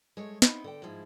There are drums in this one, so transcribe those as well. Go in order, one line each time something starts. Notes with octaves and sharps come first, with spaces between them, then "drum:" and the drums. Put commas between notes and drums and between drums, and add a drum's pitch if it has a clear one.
G#3 A3 C#5
B3 C4 D#4 E4, drum: snare
D3 G5
G#2 F3 G#3 E4